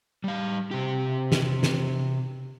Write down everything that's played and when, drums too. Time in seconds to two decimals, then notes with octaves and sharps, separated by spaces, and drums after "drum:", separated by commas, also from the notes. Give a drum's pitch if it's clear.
0.24 G3 F5
0.71 C3 G4
1.32 drum: snare
1.63 drum: snare